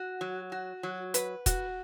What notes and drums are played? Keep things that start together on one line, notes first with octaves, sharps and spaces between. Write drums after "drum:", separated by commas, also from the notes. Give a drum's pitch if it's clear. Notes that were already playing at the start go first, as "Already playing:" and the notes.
Already playing: F#4
F#3
F#4
F#3
B4, drum: hi-hat
F#4, drum: kick F1, hi-hat